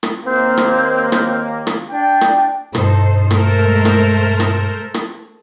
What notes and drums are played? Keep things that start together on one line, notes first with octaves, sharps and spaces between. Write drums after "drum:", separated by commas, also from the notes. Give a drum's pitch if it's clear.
drum: rim click
D#2 A#3 C4
drum: rim click
drum: rim click
drum: rim click
D4 G5
drum: rim click
G2 B2 D#4 A4 C5, drum: rim click
G#3 A3 A4 A#4 C5, drum: rim click
drum: rim click
drum: rim click
drum: rim click